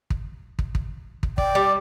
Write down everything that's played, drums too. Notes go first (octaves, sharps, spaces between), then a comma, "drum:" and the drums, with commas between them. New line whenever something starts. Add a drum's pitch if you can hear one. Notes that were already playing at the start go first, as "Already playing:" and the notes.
drum: kick
drum: kick
drum: kick
drum: kick
D5 G5, drum: kick
G3